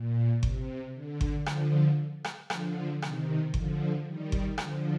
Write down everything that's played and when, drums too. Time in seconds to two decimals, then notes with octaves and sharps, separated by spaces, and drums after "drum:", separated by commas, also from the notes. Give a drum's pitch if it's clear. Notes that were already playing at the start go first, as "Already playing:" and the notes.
Already playing: A#2
0.43 C3, drum: kick G1
0.94 D3
1.21 drum: kick G1
1.46 D3 F3, drum: rim click
2.24 drum: rim click
2.50 D3 F3, drum: rim click
3.02 C3 D#3, drum: rim click
3.54 D3 F3, drum: kick G1
4.06 D#3 G3
4.32 drum: kick G1
4.58 D3 F3, drum: rim click